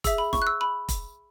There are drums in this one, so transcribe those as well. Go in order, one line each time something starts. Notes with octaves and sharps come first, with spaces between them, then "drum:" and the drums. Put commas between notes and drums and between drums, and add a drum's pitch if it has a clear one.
G#4 E5 E6, drum: kick F1, hi-hat
B5
C#6, drum: snare
F#6
E6
B5
drum: kick F1, hi-hat